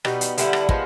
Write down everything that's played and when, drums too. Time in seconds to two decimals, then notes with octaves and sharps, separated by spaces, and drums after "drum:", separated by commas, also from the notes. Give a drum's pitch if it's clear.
0.05 B2 G3 B3 D#4, drum: rim click
0.21 drum: hi-hat
0.38 D3 G3 B3 E4, drum: hi-hat
0.53 drum: rim click
0.69 F3 G#3 B3, drum: kick